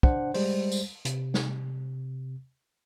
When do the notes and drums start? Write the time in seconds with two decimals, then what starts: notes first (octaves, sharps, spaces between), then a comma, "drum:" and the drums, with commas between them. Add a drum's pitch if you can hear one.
0.03 D4 C5 F#5, drum: kick
0.34 G3 G#3 C5, drum: open hi-hat
0.72 drum: tambourine
1.05 C3, drum: hi-hat
1.34 drum: snare